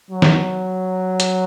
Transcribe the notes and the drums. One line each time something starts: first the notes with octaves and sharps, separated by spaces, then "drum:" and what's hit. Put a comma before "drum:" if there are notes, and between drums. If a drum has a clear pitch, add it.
F#3
drum: snare
drum: hi-hat